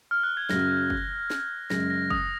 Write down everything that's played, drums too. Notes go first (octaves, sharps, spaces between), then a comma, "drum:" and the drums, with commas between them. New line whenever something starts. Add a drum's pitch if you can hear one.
F6
F#6
G#6
F#2 C#3 F#3 A#6, drum: snare
drum: kick
drum: snare
F#2 C#3 G#3 A#6, drum: snare
A#6
D#6, drum: kick